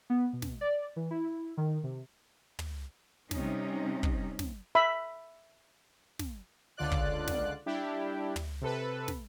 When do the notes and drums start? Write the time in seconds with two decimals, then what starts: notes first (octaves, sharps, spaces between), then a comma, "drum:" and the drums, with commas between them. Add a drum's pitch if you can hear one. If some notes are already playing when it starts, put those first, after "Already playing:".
0.10 B3
0.33 B2
0.42 drum: snare
0.61 D5
0.96 E3
1.11 E4
1.57 D#3
1.84 C3
2.59 drum: tom
3.31 C3 G3 C#4 D#4, drum: snare
4.03 drum: kick
4.39 drum: snare
4.75 E5 B5
6.19 drum: snare
6.77 C#2 D3 F4 D5 F#6
6.92 drum: kick
7.28 drum: snare
7.66 G3 D4 E4 G4
8.36 drum: tom
8.61 C3 A4 B4
9.08 drum: snare